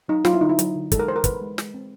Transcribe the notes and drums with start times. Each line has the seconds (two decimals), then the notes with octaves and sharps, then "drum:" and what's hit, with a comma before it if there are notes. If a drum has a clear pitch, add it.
0.08 F#3 D#4
0.25 F#3 F4, drum: snare
0.34 E4
0.41 D3 D#4
0.49 E4
0.59 F#3, drum: hi-hat
0.75 D3
0.92 G#3 A4, drum: kick, hi-hat
0.99 A#4
1.08 E3 C5
1.16 A#4
1.24 E3 B4, drum: kick, hi-hat
1.42 G#3
1.58 G#3, drum: snare
1.74 C4